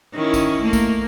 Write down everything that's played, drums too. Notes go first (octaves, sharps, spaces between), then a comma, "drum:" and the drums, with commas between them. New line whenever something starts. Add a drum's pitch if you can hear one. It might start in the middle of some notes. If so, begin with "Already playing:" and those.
D#3 C#4 E4
drum: kick, tambourine
A3 A#3
drum: kick, tambourine